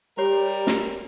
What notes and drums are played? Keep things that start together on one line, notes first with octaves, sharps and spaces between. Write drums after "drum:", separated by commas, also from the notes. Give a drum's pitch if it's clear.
G3 G4 A#4 C#5
drum: snare